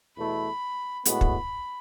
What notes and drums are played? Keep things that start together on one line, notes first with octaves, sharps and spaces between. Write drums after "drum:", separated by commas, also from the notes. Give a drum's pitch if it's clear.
E2 B2 A3 E4 B5
A2 G#3 B3 F#4 B5, drum: hi-hat
drum: kick